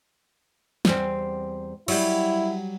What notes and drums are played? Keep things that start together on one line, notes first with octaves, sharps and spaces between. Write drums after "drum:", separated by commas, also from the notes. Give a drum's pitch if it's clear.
E2 G3 C4, drum: snare
F#3 G3 E4, drum: cymbal